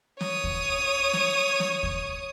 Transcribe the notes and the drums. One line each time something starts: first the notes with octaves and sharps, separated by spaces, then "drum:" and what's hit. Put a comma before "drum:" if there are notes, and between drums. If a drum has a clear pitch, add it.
C#5 D#6, drum: snare
drum: kick D#2
drum: snare
drum: snare
drum: kick D#2